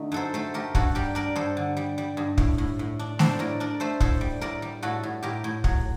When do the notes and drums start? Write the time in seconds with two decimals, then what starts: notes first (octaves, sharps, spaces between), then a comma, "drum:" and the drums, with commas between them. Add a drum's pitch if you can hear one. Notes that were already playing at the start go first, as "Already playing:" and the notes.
Already playing: D3 A3 D#4
0.12 F#2 A4 C5
0.34 A3 A4 C5
0.54 A3 G4 A#4
0.75 G2 F#4 A4, drum: kick
0.95 G3 G4 A#4
1.15 D4 A#4 D5
1.36 G2 A4 C5
1.57 D3
1.77 G3
1.98 G3
2.17 G2
2.38 A2, drum: kick
2.58 A2
2.79 A2
2.99 D4
3.19 D4 A4 C5, drum: snare A3
3.39 A2 A#4 D5
3.60 D4 A#4 D5
3.80 A3 A4 C5
4.00 A2 A4 C5, drum: kick
4.21 G3
4.41 A2 A#4 D5
4.62 G3
4.83 A2 F#4 A4
5.03 A2
5.23 A2 G4 A#4
5.44 A2
5.64 F#3, drum: kick